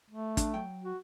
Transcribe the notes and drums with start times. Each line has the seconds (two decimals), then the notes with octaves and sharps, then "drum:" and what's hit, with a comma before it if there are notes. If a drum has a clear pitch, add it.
0.10 A3
0.37 D4, drum: kick, hi-hat
0.54 F#3 G5
0.84 F#4